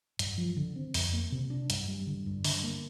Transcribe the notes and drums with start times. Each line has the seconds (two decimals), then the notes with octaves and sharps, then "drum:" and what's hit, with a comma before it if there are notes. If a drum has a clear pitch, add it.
0.19 G2, drum: hi-hat
0.38 F3
0.56 D3
0.76 C4
0.94 F2, drum: open hi-hat
1.13 A#3
1.32 C3
1.50 D4
1.70 G2, drum: hi-hat
1.88 G3
2.07 D3
2.26 G2
2.44 D3, drum: open hi-hat
2.64 A#3